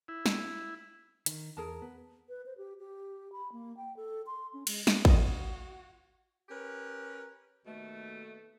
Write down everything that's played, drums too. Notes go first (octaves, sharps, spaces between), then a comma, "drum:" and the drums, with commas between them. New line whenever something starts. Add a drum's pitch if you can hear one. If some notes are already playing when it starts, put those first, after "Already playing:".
E4
drum: snare
D#3, drum: hi-hat
E2 G#4 A#4 A5
B3
B4
C5
G4
G4
B5
A#3
G5
A4
C6
C#4
G#3, drum: cymbal
drum: snare
F4 F#4 D#5, drum: kick A1
C#4 G4 A#4 B4
D#2 B2 A3